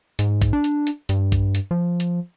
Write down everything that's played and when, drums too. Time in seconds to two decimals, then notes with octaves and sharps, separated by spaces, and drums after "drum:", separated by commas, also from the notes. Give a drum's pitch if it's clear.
0.19 G#2, drum: hi-hat
0.42 drum: kick A#1, hi-hat
0.53 D4
0.64 drum: hi-hat
0.87 drum: hi-hat
1.09 G2, drum: hi-hat
1.32 drum: kick A#1, hi-hat
1.55 drum: hi-hat
1.71 F3
2.00 drum: hi-hat